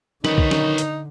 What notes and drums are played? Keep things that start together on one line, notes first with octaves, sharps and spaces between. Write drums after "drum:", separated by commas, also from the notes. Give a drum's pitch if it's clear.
D3 D#3 D#4 B4 C#5, drum: snare
drum: kick C2
drum: snare
drum: hi-hat